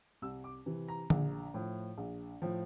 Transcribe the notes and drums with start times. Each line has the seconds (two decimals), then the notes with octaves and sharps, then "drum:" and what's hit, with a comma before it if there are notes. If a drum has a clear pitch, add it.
0.22 C2 E6
0.44 D6
0.66 C3 E3
0.88 A#5
1.10 A#1, drum: tom D3
1.54 A2 F3
1.98 A#1
2.42 A2 F3